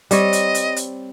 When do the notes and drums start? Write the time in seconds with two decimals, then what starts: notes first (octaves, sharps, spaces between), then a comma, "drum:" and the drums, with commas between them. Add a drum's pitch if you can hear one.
0.11 G3 C4 C#5 D#5, drum: hi-hat
0.33 drum: hi-hat
0.55 drum: hi-hat
0.76 drum: hi-hat